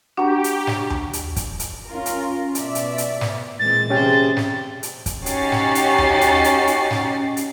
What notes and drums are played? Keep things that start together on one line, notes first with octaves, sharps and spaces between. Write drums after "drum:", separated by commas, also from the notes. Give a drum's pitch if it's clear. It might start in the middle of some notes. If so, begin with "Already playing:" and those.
D4 F#4 G4 A#5
drum: hi-hat
drum: snare
drum: tom D#2
drum: hi-hat
drum: kick, hi-hat
drum: hi-hat
C#4 F4 A#4
drum: hi-hat
B2 D5 E5, drum: hi-hat
drum: hi-hat
drum: hi-hat
drum: snare
A#2 E3 G#3 C4 A6
C3 C#4 G4 G#4 C5 G5
drum: snare
drum: hi-hat
drum: kick, hi-hat
C#4 D#4 F#4 G4 A6 C7, drum: hi-hat
drum: snare
drum: hi-hat
drum: tom D#2
drum: hi-hat
drum: hi-hat
drum: hi-hat
drum: snare
drum: hi-hat